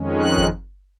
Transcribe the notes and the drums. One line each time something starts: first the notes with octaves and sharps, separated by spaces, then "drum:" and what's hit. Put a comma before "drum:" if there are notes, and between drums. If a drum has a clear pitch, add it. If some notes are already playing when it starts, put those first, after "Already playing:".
Already playing: F2 D#3 G#3 C#4
F#6
drum: kick G1